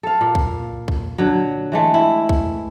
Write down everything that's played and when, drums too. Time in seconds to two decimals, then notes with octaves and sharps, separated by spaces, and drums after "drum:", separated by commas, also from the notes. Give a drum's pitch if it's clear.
0.03 A4 F5
0.21 A#2
0.35 drum: kick C2
0.88 drum: kick C2
1.18 D3 F#3
1.72 E3 G#3 A3
1.94 E4
2.29 drum: kick C2